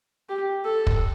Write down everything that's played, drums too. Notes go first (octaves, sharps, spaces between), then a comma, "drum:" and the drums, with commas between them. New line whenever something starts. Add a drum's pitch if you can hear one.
G4
A4
drum: kick